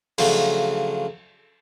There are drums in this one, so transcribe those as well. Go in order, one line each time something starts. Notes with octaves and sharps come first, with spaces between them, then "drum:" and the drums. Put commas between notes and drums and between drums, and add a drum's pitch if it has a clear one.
C#3 F3 F#3 A3 D4, drum: cymbal